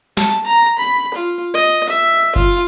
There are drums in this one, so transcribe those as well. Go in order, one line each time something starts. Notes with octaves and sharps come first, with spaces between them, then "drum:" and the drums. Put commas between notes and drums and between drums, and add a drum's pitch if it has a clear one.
A5, drum: snare
A#5
B5
F4
D#5, drum: tambourine
E5
F4, drum: kick F#1